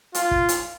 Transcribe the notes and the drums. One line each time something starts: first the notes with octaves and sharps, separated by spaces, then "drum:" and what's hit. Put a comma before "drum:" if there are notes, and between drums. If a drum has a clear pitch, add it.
F4, drum: hi-hat
drum: kick
drum: hi-hat